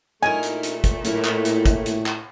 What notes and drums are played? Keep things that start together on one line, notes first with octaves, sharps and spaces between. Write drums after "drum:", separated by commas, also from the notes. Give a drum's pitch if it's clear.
A#2 A3 D#4 E4 A#4 G#5
drum: hi-hat
drum: hi-hat
drum: kick G1, hi-hat
A2 A#3 E4, drum: hi-hat
drum: clap
drum: hi-hat
drum: kick G1, hi-hat
drum: hi-hat
drum: clap